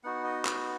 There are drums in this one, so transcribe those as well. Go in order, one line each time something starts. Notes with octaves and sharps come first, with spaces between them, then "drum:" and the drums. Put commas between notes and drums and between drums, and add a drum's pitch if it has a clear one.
B3 D#4 F#4 F#5
D#5
drum: clap